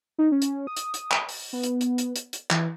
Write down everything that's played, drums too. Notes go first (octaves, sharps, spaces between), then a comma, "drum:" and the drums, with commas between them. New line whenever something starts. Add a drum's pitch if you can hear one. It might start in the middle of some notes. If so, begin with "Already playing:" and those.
D#4
C#4
drum: hi-hat
D#6
drum: hi-hat
drum: hi-hat
drum: clap
drum: open hi-hat
B3
drum: hi-hat
drum: hi-hat
drum: hi-hat
drum: hi-hat
drum: hi-hat
E3, drum: clap